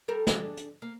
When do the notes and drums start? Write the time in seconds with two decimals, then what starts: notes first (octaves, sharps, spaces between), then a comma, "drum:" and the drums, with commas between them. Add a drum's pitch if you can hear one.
0.08 G3 A4 A#4
0.27 D4 G#4, drum: snare
0.57 drum: hi-hat
0.82 A#3